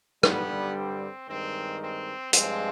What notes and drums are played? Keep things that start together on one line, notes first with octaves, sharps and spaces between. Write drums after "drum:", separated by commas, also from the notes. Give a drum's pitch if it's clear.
G2 D3 G3 B3, drum: rim click
C4
G2 D#3 G#3 C4
C4
G2 F3 G#3 C4, drum: hi-hat